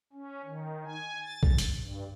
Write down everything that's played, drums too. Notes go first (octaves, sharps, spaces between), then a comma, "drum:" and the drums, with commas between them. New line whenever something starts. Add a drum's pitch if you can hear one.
C#4
D#3
G#5
A6
drum: kick B1
drum: hi-hat
G2